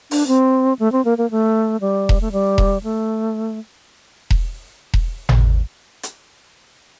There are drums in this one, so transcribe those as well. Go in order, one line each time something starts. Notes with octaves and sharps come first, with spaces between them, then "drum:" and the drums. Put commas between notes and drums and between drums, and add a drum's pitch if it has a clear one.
D4, drum: open hi-hat
C4
A3
C4
A#3
A#3
A3
G3
drum: kick E1
A3
G3
drum: kick E1
A3
drum: kick E1
drum: kick E1
drum: tom G#1
drum: hi-hat